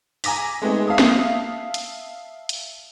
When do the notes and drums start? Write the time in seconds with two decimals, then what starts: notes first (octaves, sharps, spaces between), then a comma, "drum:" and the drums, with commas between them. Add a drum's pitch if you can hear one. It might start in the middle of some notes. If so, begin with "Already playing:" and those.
0.24 G#5 A#5 D6 A#6 B6, drum: open hi-hat
0.62 G#3 A3 B3 C4 D#4 G#4
0.88 E5 F5 A5 D#6
0.99 drum: snare
1.74 drum: hi-hat
2.49 drum: hi-hat